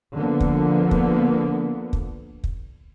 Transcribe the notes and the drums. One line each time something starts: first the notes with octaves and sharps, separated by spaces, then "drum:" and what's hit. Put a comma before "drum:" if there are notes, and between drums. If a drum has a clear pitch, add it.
D3 F3 A#3 B3
drum: kick
drum: kick
drum: kick
drum: kick